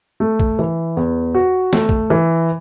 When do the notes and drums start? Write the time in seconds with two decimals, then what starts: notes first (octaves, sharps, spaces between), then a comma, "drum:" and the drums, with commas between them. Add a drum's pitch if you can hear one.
0.20 A3
0.40 drum: kick
0.59 E3
0.97 E2
1.35 F#4
1.73 A3, drum: snare
1.89 drum: kick
2.10 E3